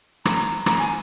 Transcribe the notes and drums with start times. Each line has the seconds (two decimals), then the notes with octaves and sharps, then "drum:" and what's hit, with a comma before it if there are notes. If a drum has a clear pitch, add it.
0.25 A#5, drum: rim click
0.66 A#5, drum: rim click
0.79 G#5